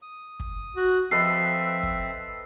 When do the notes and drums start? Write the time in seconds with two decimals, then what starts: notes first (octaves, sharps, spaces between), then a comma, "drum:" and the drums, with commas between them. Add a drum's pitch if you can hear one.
0.02 D#6
0.40 drum: kick
0.76 F#4
1.11 F3 C4 A4 B4 D#5 E5 C7
1.83 drum: kick